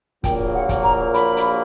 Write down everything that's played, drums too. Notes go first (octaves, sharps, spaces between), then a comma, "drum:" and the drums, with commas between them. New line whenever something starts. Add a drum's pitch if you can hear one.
A#1 A#2 F#3 A#3 G5, drum: kick, hi-hat
F#5
drum: kick, hi-hat
A#5
B5, drum: hi-hat
drum: hi-hat